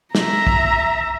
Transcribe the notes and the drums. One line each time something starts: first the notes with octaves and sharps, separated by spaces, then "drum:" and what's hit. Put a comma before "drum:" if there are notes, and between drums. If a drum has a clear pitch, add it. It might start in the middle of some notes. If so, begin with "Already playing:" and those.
E5 A#5, drum: snare
drum: kick